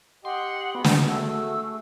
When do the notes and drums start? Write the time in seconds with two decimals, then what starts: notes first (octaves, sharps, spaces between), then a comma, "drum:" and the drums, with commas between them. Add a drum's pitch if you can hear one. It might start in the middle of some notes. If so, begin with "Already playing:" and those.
0.25 G4 D#5 F#5 G5 C6
0.75 B3 F#4 G#4
0.84 drum: snare
1.09 A3 E6